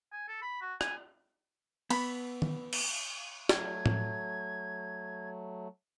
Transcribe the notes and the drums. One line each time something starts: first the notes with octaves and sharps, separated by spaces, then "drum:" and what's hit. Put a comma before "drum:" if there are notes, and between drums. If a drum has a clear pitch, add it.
G#5
A4
B5
F#4
G#5, drum: rim click
B3 B5, drum: cymbal
drum: tom
drum: cymbal
F#3 A3 G#6, drum: snare
drum: tom A2